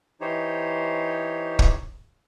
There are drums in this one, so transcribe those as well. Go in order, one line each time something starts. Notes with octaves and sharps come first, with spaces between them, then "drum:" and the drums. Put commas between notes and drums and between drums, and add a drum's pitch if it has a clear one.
E3 D#4 G4 C5 C#5
drum: kick